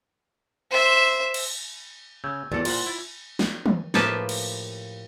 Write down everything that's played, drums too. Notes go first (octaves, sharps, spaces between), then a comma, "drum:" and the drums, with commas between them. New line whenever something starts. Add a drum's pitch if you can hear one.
C5 E5
drum: cymbal
C#3 E6 G6 G#6
G#1 E2 A4 D5 A6
A#2 F4 C5 F#5 F#7, drum: cymbal
E4
drum: snare
drum: tom
A2 F3 A#3 G4 B4 A5, drum: snare
drum: cymbal